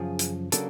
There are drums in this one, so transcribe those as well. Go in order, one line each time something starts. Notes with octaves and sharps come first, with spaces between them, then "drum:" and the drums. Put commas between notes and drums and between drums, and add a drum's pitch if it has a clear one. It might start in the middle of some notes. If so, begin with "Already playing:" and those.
Already playing: F#2 C#3 F3 G#4
drum: hi-hat
C#3 F#3 A#3 D4 A4, drum: hi-hat